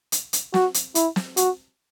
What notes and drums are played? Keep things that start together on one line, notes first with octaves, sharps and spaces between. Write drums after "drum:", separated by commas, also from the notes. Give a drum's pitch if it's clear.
drum: hi-hat
drum: hi-hat
F#4, drum: snare
drum: hi-hat
E4, drum: hi-hat
drum: snare
F#4, drum: hi-hat